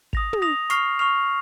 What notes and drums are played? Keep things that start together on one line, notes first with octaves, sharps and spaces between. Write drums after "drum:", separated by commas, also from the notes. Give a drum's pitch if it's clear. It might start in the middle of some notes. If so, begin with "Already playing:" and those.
D#6 A#6 F7, drum: kick
drum: tom
D#6 A#6 F7
C#6 F6 C7 F7, drum: hi-hat
C#6 F6 C7 F7